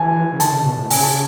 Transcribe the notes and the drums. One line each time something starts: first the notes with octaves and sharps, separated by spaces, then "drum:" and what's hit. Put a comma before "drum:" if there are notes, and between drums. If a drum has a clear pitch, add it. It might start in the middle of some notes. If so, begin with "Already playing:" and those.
Already playing: E3 G#5 A5
C#3
D#3 A5, drum: hi-hat
C#3
B2
A2
C#3 G#5, drum: open hi-hat
A5